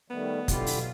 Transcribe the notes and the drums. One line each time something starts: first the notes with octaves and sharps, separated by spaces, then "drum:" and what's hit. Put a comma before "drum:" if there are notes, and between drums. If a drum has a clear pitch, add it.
D#3 G3 A3 B3
B2 D3 F#3 E4 F4 G4, drum: kick, hi-hat
drum: open hi-hat